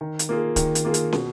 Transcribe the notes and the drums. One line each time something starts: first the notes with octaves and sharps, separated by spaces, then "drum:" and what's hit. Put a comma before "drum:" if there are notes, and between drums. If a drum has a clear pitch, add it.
D#3
drum: hi-hat
A#3 F4 G#4
D#3, drum: kick C#1, hi-hat
drum: hi-hat
A#3 F4 G#4
drum: hi-hat
B2, drum: snare